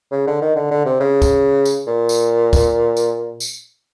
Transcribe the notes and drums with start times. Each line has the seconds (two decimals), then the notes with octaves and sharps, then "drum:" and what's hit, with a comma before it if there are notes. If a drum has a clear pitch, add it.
0.12 C#3
0.27 D3
0.42 D#3
0.56 D3
0.71 D3
0.86 C3
1.00 C#3
1.22 drum: kick, tambourine
1.65 drum: tambourine
1.87 A#2
2.09 drum: tambourine
2.53 drum: kick, tambourine
2.97 drum: tambourine
3.40 drum: tambourine